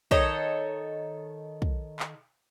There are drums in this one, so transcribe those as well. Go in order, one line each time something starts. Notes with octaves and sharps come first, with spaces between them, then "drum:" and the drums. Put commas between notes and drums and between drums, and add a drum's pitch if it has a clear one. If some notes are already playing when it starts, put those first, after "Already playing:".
D#3 A4 C#5 D#5, drum: kick
drum: kick
drum: clap